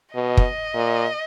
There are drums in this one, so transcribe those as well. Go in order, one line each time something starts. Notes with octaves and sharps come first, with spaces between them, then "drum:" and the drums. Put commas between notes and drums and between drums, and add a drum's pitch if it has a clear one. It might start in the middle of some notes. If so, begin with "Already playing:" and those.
B2 D#5
drum: kick
A#2